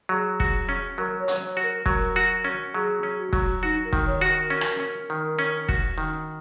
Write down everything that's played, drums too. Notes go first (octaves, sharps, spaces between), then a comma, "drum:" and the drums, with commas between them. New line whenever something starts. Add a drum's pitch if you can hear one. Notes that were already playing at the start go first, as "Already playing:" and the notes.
F#3 G#4
F#4, drum: kick
C#4
F#3 A#4
C#5
F#3, drum: hi-hat
C#5
F#4
A#4
F#3 A#4, drum: kick
F#4
C#4
F#3 G#4
C#4
F#4
F#3, drum: kick
D#4 F#4
A#4
D#3, drum: kick
C#5
F#4
A#4
C#4
drum: rim click
C#4
D#3
C#4
F#4, drum: kick
D#3